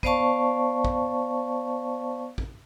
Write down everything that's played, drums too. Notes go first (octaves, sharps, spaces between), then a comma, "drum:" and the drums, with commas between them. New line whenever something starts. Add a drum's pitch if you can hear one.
B3 C5 D5 F5 A5 C#6, drum: kick
drum: kick
drum: kick